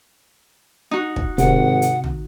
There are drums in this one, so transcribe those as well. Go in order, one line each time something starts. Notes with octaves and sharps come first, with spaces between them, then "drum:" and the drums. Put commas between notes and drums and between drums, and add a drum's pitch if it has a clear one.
D#4 F#4
drum: kick
G#1 C3 F#5, drum: hi-hat
drum: hi-hat
drum: tom